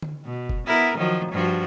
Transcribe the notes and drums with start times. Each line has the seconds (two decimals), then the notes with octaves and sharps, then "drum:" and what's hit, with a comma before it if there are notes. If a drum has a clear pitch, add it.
0.02 drum: tom D3
0.24 B2
0.49 drum: kick F#1
0.67 B3 E4 A#4
0.98 D#3 F3 F#3
1.31 G2 F3 F#4